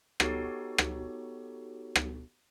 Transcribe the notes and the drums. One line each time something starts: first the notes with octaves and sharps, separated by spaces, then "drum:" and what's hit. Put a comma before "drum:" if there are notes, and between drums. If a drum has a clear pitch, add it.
B3 D#4 F#4 G4 A4 C#5, drum: rim click
drum: rim click
drum: rim click